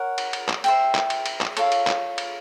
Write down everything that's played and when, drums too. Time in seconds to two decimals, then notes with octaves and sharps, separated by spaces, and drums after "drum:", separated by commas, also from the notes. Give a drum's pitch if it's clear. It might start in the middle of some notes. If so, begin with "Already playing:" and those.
Already playing: A#4 C#5 F#5
0.18 drum: cymbal
0.33 drum: cymbal
0.49 drum: clap
0.64 C5 E5 G5, drum: cymbal
0.95 drum: clap
1.10 drum: cymbal
1.26 drum: cymbal
1.41 drum: clap
1.57 F4 A4 C#5, drum: cymbal
1.72 drum: cymbal
1.87 drum: clap
2.18 drum: cymbal